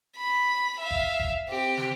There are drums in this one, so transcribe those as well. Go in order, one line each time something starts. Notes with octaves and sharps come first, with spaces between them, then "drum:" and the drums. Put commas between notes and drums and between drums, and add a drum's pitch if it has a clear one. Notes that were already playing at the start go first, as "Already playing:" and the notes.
B5
E5 F5
drum: kick
drum: kick
C4 G4
drum: snare